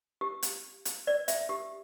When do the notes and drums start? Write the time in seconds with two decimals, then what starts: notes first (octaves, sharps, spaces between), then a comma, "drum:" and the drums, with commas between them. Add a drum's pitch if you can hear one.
0.21 G4
0.43 drum: hi-hat
0.85 drum: hi-hat
1.07 D5
1.28 E5, drum: hi-hat
1.49 G4